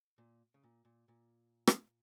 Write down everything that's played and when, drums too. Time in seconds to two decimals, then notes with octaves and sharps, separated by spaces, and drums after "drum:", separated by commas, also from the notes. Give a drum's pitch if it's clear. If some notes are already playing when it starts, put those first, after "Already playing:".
0.18 A#2
0.54 C#3
0.63 A#2
0.85 A#2
1.08 A#2
1.67 drum: rim click